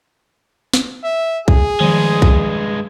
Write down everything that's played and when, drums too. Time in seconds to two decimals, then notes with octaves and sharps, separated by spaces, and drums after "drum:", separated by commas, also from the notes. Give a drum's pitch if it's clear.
0.74 drum: snare
1.04 E5
1.48 G#4, drum: kick B1
1.80 G2 D#3 F3 G#3
2.22 drum: kick B1